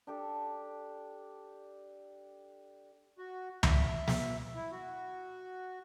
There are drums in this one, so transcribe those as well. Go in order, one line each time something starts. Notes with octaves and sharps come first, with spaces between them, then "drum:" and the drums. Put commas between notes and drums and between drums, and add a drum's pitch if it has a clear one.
D4 G4 A4
F#4
E5, drum: tom C#2
drum: snare
E4
F#4